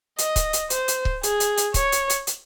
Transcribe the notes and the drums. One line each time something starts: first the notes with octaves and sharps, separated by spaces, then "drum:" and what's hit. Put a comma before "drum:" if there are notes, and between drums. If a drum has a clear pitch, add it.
D#5, drum: hi-hat
drum: kick C#1, hi-hat
drum: hi-hat
C5, drum: hi-hat
drum: hi-hat
drum: kick C#1
G#4, drum: hi-hat
drum: hi-hat
drum: hi-hat
C#5, drum: kick C#1, hi-hat
drum: hi-hat
drum: hi-hat
drum: hi-hat